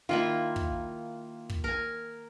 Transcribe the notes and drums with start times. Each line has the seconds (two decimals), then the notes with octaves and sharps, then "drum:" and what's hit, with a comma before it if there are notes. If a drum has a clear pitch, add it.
0.09 D#3 A#3 E4 F4
0.56 drum: kick
1.50 drum: kick
1.64 A#4 G#5